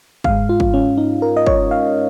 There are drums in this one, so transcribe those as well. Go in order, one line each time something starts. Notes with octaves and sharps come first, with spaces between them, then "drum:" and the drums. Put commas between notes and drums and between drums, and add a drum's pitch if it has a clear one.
G#2 G#3 F5, drum: kick
F4
drum: kick
C#4
D#4
A#4
D#5
C#5, drum: kick
F5